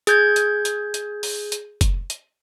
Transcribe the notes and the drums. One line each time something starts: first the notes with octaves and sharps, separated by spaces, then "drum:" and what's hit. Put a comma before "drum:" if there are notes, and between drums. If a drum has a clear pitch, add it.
G#4 G6 G#6, drum: hi-hat
drum: hi-hat
drum: hi-hat
drum: hi-hat
drum: open hi-hat
drum: hi-hat
drum: kick, hi-hat
drum: hi-hat